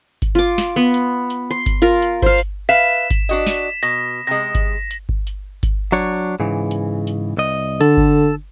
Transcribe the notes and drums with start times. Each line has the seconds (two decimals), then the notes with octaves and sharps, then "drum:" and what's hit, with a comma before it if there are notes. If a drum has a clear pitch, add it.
0.22 drum: kick G1, hi-hat
0.35 F4 D6
0.58 drum: snare
0.76 B3
0.94 drum: hi-hat
1.30 drum: hi-hat
1.51 C6
1.66 drum: kick G1, hi-hat
1.82 F4 A#4
2.02 drum: hi-hat
2.22 C5 F5, drum: kick G1
2.38 drum: hi-hat
2.69 B4 E5 F5 B6 E7
3.11 drum: kick G1, hi-hat
3.29 D4 F#4 D#5
3.47 drum: snare
3.83 B2 A#6, drum: hi-hat
4.27 C3 G#3 A#6
4.55 drum: kick G1, hi-hat
4.91 drum: hi-hat
5.09 drum: kick G1
5.27 drum: hi-hat
5.63 drum: kick G1, hi-hat
5.92 F#3 D4 C#5
6.40 G#2 C#3 E3
6.71 drum: hi-hat
7.07 drum: hi-hat
7.37 C2 D#5
7.81 D3 A4, drum: hi-hat
7.97 drum: kick G1